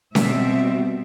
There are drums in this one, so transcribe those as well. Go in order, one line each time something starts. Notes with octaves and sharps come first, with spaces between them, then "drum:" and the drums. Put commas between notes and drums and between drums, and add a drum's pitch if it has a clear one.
B2 G3 C4 E5, drum: snare C#4